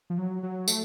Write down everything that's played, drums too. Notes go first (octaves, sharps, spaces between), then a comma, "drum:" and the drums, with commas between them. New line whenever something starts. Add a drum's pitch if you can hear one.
F3
F#3
F#3
A3, drum: tambourine